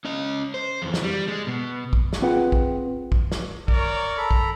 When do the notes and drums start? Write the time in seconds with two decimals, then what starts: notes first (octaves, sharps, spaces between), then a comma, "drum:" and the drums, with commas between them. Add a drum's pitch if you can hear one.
0.05 C#4 D#5
0.54 C5
0.82 F2 E3
0.94 drum: snare
1.03 G3
1.28 G#3
1.47 B2
1.93 drum: kick
2.13 drum: snare
2.22 C4 F4 G#4 B4 F#5 G5
2.52 drum: kick
3.12 drum: kick
3.32 drum: snare
3.68 A#4 C#5 D5, drum: kick
4.18 A4 A#5 B5
4.31 drum: kick